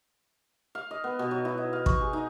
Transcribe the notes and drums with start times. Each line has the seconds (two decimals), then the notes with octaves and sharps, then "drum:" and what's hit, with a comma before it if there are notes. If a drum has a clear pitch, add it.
0.75 F5
0.91 D#5
1.04 B3
1.19 B2
1.31 F#3
1.45 E4
1.58 D#5
1.73 F5
1.86 C#6, drum: kick
2.01 G#4
2.13 D#4